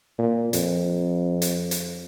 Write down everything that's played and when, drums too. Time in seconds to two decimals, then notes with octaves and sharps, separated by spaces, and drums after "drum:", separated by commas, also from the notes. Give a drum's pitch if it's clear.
0.18 A#2
0.53 F2, drum: hi-hat
1.42 drum: hi-hat
1.71 drum: hi-hat